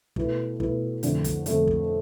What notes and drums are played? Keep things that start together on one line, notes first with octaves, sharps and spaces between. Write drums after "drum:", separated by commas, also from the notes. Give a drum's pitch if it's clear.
B2 A3 E4 B4, drum: kick
B2 A3 E4 B4, drum: kick
F2 D3 A3 D4, drum: hi-hat
drum: kick, hi-hat
F2 D3 A3 D4, drum: hi-hat
drum: kick